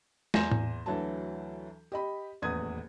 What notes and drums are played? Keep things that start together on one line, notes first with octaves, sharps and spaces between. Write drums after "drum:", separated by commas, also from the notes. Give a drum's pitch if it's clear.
E2 G#5 C6 G6 A#6 E7, drum: snare
drum: tom A2
D2 E3 F#3 A5
G4 D#5 B5
D#1 A1 E2 B4 D#6 G#6